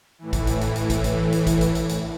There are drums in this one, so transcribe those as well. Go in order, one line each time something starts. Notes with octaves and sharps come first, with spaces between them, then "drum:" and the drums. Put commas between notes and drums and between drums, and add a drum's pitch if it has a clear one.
A2 E3
drum: kick, hi-hat
drum: hi-hat
drum: hi-hat
drum: hi-hat
drum: kick, hi-hat
drum: hi-hat
drum: hi-hat
drum: kick, hi-hat
drum: hi-hat
drum: hi-hat
drum: hi-hat